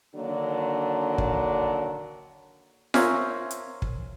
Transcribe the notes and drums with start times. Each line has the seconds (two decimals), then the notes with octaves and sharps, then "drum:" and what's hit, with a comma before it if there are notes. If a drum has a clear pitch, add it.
0.15 D3 D#3 F#3 A#3 D4
1.18 drum: kick
2.94 A#4 C5 C#5 E5 F5 G#5, drum: snare F4
3.51 drum: hi-hat
3.82 drum: kick